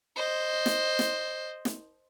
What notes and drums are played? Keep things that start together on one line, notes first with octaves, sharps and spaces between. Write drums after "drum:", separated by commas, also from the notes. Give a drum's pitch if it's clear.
C5 D#5
drum: snare
drum: snare
drum: snare